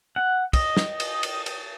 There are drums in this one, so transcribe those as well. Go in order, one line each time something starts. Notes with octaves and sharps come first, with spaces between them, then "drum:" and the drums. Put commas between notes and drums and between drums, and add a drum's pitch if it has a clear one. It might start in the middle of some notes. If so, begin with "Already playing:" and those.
F#5
D#5, drum: kick, cymbal
drum: snare
drum: cymbal
drum: cymbal
drum: cymbal